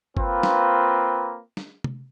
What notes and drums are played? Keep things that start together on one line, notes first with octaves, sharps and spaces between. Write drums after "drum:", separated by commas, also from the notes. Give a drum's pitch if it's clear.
A#3 C4 F4 B4, drum: kick G1
drum: snare
drum: snare
drum: tom